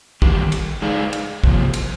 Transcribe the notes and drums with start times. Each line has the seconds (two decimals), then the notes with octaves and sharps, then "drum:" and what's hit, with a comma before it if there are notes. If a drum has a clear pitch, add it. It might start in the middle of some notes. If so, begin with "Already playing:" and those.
0.22 D#3 G3 D4 G4, drum: kick
0.52 drum: cymbal
0.82 G#3 D#4 G#4 D5 F5
1.13 drum: cymbal
1.44 C3 F3 A#3, drum: kick
1.73 drum: cymbal